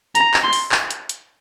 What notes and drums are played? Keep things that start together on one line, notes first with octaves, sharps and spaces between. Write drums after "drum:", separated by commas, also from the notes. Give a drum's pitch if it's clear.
A#5, drum: hi-hat
drum: clap
C6
drum: open hi-hat
drum: clap
drum: hi-hat
drum: hi-hat